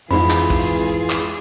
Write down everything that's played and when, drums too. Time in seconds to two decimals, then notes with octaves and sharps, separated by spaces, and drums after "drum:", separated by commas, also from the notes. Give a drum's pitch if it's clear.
0.11 F2 G#2 E3 F4 G#4 B5, drum: open hi-hat
0.30 drum: clap
0.50 drum: kick, open hi-hat
1.10 drum: clap